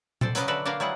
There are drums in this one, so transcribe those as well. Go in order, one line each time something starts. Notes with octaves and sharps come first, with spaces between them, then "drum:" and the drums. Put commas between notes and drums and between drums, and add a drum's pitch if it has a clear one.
A4 C5 D5, drum: tom A#2
F#3 C#4 B4 D5 D#5 F5, drum: hi-hat
D3 D4 F#4 B4 D5 E5
A#3 D4 A#4 B4 F5
F#3 G3 E4 F4 G#4 F#5